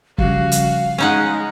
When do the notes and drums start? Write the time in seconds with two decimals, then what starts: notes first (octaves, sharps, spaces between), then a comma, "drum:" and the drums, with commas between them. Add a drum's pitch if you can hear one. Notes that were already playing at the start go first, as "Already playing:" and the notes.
0.18 C#3 F3 G3 F#4 F5, drum: kick
0.52 drum: hi-hat
0.98 G#3 C#4 D#4 F#5